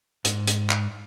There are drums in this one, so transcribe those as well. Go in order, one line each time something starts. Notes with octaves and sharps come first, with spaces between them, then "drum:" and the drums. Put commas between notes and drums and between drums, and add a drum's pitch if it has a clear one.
G#2, drum: hi-hat
drum: hi-hat
drum: clap